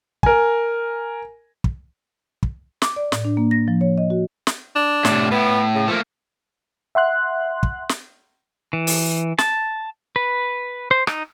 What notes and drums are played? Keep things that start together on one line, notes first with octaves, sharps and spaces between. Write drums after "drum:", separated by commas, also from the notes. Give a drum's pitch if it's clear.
A#4 G#5, drum: kick
drum: kick
drum: kick
D6, drum: snare
D5
A2, drum: snare
D4
A#3
A#6
F3
C#5
D#5
F#4
drum: snare
D4
A2 C3, drum: snare
A2 B3
C#3
F3 A3 A#3
E5 F#5 C6 F#6
drum: kick
drum: snare
E3
drum: open hi-hat
A5, drum: snare
B4
C5
D#4, drum: rim click